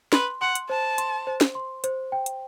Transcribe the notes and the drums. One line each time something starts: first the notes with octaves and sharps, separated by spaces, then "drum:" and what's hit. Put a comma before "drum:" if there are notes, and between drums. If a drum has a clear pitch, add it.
B4 C6, drum: snare
F#5 C6
drum: hi-hat
C5 A5
C6, drum: hi-hat
C5
drum: snare
C6
C5, drum: hi-hat
G5
drum: hi-hat